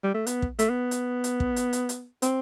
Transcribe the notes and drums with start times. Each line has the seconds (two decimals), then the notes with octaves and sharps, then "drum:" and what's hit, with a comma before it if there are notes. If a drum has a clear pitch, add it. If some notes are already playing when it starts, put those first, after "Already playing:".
0.04 G3
0.14 A3
0.27 B3, drum: hi-hat
0.42 drum: kick
0.59 A3, drum: hi-hat
0.70 B3
0.91 drum: hi-hat
1.24 drum: hi-hat
1.40 drum: kick
1.56 drum: hi-hat
1.73 drum: hi-hat
1.89 drum: hi-hat
2.22 C4, drum: hi-hat